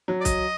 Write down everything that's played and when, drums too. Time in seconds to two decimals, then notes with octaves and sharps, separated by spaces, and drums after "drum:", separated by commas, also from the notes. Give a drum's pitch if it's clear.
0.08 F#3
0.21 D5
0.25 D#5, drum: kick C2, hi-hat